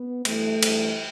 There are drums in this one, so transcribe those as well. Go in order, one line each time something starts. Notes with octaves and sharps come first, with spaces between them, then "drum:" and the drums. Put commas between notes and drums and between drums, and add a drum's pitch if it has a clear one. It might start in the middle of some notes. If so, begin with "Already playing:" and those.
Already playing: B3
G2 E3 A3, drum: cymbal
G2 E3, drum: cymbal